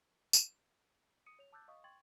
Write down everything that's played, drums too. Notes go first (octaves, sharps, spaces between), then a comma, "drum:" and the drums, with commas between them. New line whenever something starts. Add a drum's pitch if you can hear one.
drum: tambourine
D#6 C#7 D#7
C#5 F7
A5 D6 E6 F#6 G6 A6
D#5 F5 C#6 D#6
G5 C6 C#6 G#6 A6 F#7